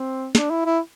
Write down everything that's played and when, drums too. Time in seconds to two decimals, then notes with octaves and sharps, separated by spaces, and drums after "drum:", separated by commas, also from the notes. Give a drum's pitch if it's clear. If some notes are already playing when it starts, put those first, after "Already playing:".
Already playing: C4
0.35 D4, drum: snare
0.50 E4
0.65 E4